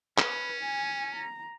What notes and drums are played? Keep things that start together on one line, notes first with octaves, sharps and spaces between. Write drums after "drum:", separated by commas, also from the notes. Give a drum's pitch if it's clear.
C#4 B4, drum: clap
G#5
A#5